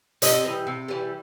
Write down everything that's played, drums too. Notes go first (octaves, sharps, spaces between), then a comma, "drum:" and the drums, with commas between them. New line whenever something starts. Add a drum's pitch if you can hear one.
C3 D#5, drum: hi-hat
E3 G3
C3
E3 G3